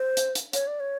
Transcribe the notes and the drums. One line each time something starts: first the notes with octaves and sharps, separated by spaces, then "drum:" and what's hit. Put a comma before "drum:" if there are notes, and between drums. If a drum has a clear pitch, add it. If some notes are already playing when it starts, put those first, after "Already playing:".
Already playing: C5
drum: hi-hat
drum: hi-hat
C#5, drum: hi-hat
D5
C#5